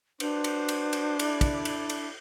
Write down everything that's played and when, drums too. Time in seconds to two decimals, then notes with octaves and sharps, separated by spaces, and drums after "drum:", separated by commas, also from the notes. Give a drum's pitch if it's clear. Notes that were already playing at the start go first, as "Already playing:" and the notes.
0.20 D4 F#4 B4 C5, drum: cymbal
0.44 drum: cymbal
0.69 drum: cymbal
0.93 drum: cymbal
1.19 E4 A4 D5, drum: cymbal
1.41 drum: kick, cymbal
1.65 drum: cymbal
1.90 drum: cymbal